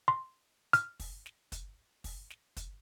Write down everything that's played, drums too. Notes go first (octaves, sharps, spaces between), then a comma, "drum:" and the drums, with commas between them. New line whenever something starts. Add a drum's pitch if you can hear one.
C6
F6, drum: hi-hat
drum: kick, open hi-hat
drum: snare
drum: kick, hi-hat
drum: kick, open hi-hat
drum: snare
drum: kick, hi-hat